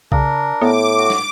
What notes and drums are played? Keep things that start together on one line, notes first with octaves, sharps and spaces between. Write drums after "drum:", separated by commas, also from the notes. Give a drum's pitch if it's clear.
C#3 D4 A#4, drum: kick B1
A2 B3 D6
F#4
drum: snare